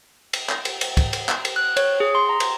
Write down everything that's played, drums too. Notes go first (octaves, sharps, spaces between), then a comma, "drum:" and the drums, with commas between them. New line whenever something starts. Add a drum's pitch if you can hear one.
drum: cymbal
drum: clap
drum: cymbal
drum: cymbal
drum: kick, cymbal
drum: cymbal
drum: clap
drum: cymbal
F#6
C#5, drum: cymbal
G#4
C6
A#5
drum: cymbal